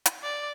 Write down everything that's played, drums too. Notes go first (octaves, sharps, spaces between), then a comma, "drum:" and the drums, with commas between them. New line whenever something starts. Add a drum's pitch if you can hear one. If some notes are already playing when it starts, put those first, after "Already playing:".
drum: hi-hat
D5